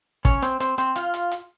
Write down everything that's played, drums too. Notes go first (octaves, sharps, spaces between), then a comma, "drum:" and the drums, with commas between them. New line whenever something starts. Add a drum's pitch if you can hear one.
C#4 C#5, drum: kick, hi-hat
C4 C5, drum: hi-hat
C4 C5, drum: hi-hat
C4 C5, drum: hi-hat
F4 F5, drum: hi-hat
drum: hi-hat
drum: hi-hat